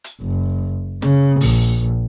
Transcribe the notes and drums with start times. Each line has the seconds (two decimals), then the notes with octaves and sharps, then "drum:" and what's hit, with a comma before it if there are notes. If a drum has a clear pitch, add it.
0.04 drum: hi-hat
0.21 F#1
1.02 C#3, drum: snare
1.41 A#1, drum: open hi-hat